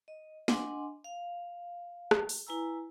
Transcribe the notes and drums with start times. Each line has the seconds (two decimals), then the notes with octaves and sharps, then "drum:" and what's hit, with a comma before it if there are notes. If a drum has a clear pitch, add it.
0.08 D#5
0.48 D4 D#5 F#5 G#5 C6 D6, drum: snare
1.04 F5
2.11 drum: rim click
2.29 drum: open hi-hat
2.47 E4 B4 G#5 A#5 E6